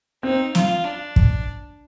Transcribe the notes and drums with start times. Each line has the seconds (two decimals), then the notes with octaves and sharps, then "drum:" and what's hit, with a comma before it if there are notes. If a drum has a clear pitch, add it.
0.23 C4 D#4
0.55 F4, drum: snare
0.85 D4
1.16 drum: kick